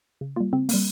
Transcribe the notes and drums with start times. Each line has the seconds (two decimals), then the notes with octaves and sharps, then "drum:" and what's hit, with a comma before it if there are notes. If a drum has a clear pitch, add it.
0.21 C#3
0.36 G3 A#3 F4
0.53 C#3 C4
0.69 G3 A#3, drum: open hi-hat